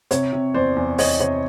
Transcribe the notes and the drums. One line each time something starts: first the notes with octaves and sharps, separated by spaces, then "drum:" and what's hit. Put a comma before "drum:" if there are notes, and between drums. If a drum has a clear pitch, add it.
C3 C#5, drum: hi-hat
C3
E2 C5 D5
E2
E2 C#5 D#5, drum: open hi-hat
C3 C#5 D#5